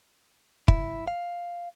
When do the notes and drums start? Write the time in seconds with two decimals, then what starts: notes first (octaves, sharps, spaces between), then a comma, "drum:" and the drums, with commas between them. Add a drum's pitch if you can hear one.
0.68 E4, drum: kick
1.08 F5